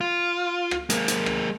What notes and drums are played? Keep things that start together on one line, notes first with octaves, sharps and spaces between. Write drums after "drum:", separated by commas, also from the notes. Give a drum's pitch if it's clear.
F4
drum: rim click
G#3 A#3, drum: hi-hat
drum: hi-hat
drum: rim click